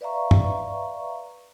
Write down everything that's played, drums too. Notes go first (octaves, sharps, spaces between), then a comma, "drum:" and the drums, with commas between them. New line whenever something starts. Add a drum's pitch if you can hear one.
B4 D5 E5 F5 A#5 C#6
drum: tom